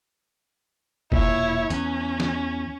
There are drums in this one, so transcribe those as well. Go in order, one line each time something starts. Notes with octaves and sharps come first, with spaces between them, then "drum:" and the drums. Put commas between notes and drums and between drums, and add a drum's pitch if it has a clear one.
E1 A#2 E4 C#5, drum: kick F#1
E2 C#4, drum: hi-hat
drum: snare